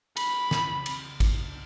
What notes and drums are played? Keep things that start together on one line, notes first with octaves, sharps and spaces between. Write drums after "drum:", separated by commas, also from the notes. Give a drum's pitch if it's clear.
B5, drum: cymbal
drum: snare
drum: cymbal
drum: kick, cymbal